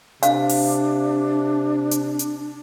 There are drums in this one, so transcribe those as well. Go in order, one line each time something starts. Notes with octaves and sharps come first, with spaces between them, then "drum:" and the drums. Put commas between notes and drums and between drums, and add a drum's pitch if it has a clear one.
C3 D4 F5, drum: hi-hat
drum: open hi-hat
drum: hi-hat
drum: hi-hat